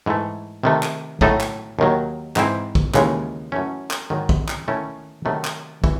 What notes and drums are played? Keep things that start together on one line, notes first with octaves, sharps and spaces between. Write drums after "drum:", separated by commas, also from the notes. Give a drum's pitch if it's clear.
G#2 E3 A3
C3 D#3 A3
drum: clap
A2 F#3 A3 D#4 A4, drum: kick
drum: clap
D#2 D#3 F#3
G#2 E3 C4 E4, drum: clap
drum: kick
D#2 C#3 E3 G#3, drum: clap
F#2 E3 A3 C#4
drum: clap
G#2 D#3 F#3
drum: kick
drum: clap
D#3 A3 C#4 E4
C3 D#3 F#3 A3
drum: clap
E3, drum: kick